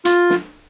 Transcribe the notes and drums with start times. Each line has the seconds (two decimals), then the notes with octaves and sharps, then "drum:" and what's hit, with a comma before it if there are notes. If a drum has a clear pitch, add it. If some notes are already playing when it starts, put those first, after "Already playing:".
0.05 F4, drum: hi-hat
0.30 drum: snare